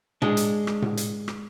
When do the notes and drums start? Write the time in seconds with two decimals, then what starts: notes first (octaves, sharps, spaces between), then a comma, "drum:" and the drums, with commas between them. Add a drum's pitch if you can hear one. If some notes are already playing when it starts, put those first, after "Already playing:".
0.22 G#3 D4, drum: tom A2
0.37 drum: hi-hat
0.67 drum: rim click
0.82 drum: tom A2
0.97 drum: hi-hat
1.28 drum: rim click